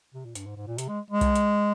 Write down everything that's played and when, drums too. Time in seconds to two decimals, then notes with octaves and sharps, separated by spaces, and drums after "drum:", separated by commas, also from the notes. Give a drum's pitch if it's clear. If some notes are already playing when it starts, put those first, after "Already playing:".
0.14 C3
0.25 A#2
0.35 G2, drum: hi-hat
0.46 G#2
0.57 G#2
0.67 A#2
0.78 C3, drum: hi-hat
0.89 G#3
1.11 G#3
1.21 drum: kick B1, hi-hat
1.36 drum: hi-hat